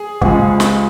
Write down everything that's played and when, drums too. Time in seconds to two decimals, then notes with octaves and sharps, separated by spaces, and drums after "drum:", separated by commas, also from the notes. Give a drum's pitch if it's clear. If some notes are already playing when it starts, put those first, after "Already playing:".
Already playing: G#4
0.22 C#2 C3 F3 G#3, drum: kick
0.60 drum: snare